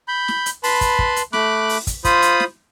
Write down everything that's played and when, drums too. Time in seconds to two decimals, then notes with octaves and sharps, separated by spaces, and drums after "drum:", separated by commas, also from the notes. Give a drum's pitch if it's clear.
0.08 B5 G6
0.28 drum: snare
0.46 drum: hi-hat
0.63 B4 A5 B5 C6, drum: open hi-hat
0.81 drum: kick, hi-hat
0.99 drum: kick
1.16 drum: hi-hat
1.33 A3 B5 D6 F#6, drum: snare
1.69 drum: open hi-hat
1.87 drum: kick, hi-hat
2.05 F4 C5 B5 D#6, drum: kick, hi-hat
2.22 drum: hi-hat
2.40 drum: snare